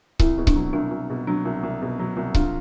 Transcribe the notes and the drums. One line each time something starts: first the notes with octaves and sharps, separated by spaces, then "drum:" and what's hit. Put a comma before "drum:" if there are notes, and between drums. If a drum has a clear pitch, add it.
C2 E4, drum: kick C#1
B2
D4, drum: kick C#1
F#3
C2 D4
C2
B2
F#3 D4
C2
C2
B2
F#3
C2
D4 F4, drum: kick C#1